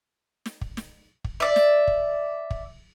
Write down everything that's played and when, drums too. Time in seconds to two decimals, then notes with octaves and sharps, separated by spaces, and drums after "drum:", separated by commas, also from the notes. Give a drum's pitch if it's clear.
0.46 drum: snare
0.61 drum: kick
0.77 drum: snare
1.24 drum: kick
1.40 D5 E5
1.56 drum: snare
1.87 drum: kick
2.51 drum: kick